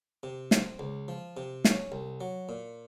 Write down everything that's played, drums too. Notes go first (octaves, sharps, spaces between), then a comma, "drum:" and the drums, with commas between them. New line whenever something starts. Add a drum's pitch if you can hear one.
C3
C4, drum: snare
C#2
F3
C3
C#4, drum: snare
C2
F#3
A#2